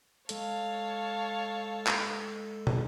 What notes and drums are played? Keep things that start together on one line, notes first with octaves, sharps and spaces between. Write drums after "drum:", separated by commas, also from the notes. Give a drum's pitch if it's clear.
G#3 A4 C#5 F5 A5, drum: hi-hat
drum: clap
drum: tom